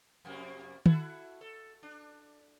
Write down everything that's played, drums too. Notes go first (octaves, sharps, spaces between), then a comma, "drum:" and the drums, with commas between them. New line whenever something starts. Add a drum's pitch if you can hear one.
F2 C3 A#3
E4 F#4 A4, drum: tom
A4
D4